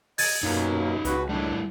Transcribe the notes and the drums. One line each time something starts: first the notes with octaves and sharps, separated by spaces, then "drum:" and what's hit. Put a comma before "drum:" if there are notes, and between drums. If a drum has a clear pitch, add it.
D#5 G#6 A6 D#7, drum: open hi-hat
F#2 B2 F#3 A#3 D#4 F4
C#2 F#4 B4, drum: hi-hat
G3 A3 D4 E4